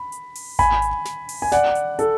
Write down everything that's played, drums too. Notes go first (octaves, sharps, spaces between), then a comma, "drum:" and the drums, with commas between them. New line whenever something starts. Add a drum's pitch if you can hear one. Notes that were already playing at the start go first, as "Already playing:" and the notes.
Already playing: B5
drum: hi-hat
drum: open hi-hat
G#5 B5, drum: kick G#1, hi-hat
drum: hi-hat
drum: snare
drum: open hi-hat
G#5
D5 F#5, drum: snare
drum: hi-hat
A4, drum: hi-hat